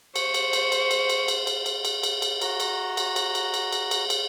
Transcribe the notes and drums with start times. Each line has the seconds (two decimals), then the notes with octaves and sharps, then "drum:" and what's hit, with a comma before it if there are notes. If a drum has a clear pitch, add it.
0.16 C5 C#6, drum: cymbal
0.34 drum: cymbal
0.53 drum: cymbal
0.72 drum: cymbal
0.91 drum: cymbal
1.09 drum: cymbal
1.28 drum: cymbal
1.47 drum: cymbal
1.66 drum: cymbal
1.85 drum: cymbal
2.03 drum: cymbal
2.22 drum: cymbal
2.41 F#4 A#5, drum: cymbal
2.60 drum: cymbal
2.97 drum: cymbal
3.16 drum: cymbal
3.35 drum: cymbal
3.54 drum: cymbal
3.72 drum: cymbal
3.91 drum: cymbal
4.10 drum: cymbal